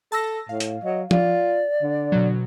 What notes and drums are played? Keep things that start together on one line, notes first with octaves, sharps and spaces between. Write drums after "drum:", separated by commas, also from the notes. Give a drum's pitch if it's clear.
A4 A5 E6 A#6
A2 F5
drum: hi-hat
F#3 D#5
F4 D5, drum: tom
D3
B2 F#3